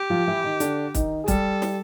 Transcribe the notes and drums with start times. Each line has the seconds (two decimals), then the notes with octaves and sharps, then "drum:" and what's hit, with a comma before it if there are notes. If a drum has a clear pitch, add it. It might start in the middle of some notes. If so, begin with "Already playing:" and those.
Already playing: G4
0.10 F3 F4
0.27 E3 E4
0.44 D#3 D#4
0.60 D3 D4, drum: hi-hat
0.94 D#3 D#4, drum: kick, hi-hat
1.24 G#4
1.28 G3 G4 A4, drum: kick, hi-hat
1.62 drum: snare